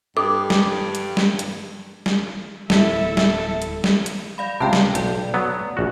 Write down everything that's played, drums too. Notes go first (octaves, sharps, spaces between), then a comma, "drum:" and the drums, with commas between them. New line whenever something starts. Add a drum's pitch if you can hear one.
G2 A4 D6
drum: snare
drum: hi-hat
drum: snare
drum: hi-hat
drum: snare
D1 E2 E4 A4 E5, drum: snare
drum: snare
drum: hi-hat
drum: snare
drum: hi-hat
D5 F5 B5
C#2 C3 G5 A5
drum: snare
B1 D5, drum: hi-hat
F#3 B3
A#1 F#4